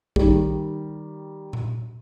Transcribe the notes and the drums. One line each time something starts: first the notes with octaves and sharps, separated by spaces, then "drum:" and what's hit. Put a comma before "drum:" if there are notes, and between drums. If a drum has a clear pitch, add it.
D#3 G3, drum: kick
drum: tom A#2